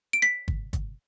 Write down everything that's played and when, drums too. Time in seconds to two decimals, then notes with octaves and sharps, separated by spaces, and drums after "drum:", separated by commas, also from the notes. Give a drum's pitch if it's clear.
0.13 D7
0.22 B6, drum: hi-hat
0.48 drum: kick
0.73 drum: kick, hi-hat